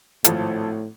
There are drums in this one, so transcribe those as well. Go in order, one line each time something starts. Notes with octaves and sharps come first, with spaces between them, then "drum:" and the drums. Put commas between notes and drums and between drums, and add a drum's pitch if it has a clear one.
G#1 A2 F3 A4, drum: hi-hat